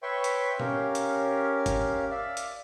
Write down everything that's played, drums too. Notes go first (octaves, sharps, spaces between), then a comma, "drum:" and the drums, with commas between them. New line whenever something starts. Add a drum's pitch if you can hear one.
B4 C#5 E5 G5 C6 C#6
drum: hi-hat
C#4 G4 A#4 C#5 F5, drum: tom A#2
drum: hi-hat
drum: kick, hi-hat
D5 E5 F5
drum: hi-hat